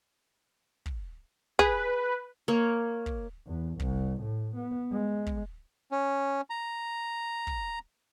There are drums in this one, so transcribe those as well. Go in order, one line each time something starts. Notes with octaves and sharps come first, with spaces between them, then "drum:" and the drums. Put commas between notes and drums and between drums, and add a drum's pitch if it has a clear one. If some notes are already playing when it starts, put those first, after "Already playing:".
drum: kick
G#4 B4, drum: kick
A#3 C#5
drum: kick
E2
C2, drum: kick
A2
B3
G#3
drum: kick
C#4
A#5
drum: kick